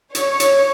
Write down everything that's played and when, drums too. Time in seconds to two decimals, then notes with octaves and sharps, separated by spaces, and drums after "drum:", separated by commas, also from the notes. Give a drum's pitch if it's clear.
0.15 C#5, drum: hi-hat
0.40 drum: hi-hat